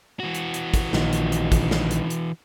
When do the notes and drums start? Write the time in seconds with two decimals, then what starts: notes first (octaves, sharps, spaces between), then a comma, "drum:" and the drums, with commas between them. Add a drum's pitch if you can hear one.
0.20 E3 F#4
0.35 drum: hi-hat
0.54 drum: hi-hat
0.74 drum: kick, hi-hat
0.93 A#1 D#3, drum: snare
1.13 drum: hi-hat
1.32 drum: hi-hat
1.52 drum: kick, hi-hat
1.71 drum: snare
1.91 drum: hi-hat
2.10 drum: hi-hat